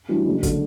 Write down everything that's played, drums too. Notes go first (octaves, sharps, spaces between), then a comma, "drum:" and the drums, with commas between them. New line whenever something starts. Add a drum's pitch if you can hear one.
F#2 E3 G3 D4
F#1
D3, drum: kick, hi-hat